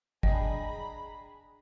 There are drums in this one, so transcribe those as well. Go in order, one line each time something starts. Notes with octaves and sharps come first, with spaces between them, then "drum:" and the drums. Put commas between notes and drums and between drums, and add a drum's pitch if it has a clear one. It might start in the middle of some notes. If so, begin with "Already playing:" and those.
D4 G#4 D#5 G5 A#5 B5, drum: kick